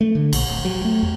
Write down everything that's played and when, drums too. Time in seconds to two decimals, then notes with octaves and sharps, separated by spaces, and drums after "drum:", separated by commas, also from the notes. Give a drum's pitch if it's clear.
0.01 A3
0.15 D3
0.33 A#1, drum: cymbal
0.48 D1
0.65 F#3
0.85 A3
1.03 E2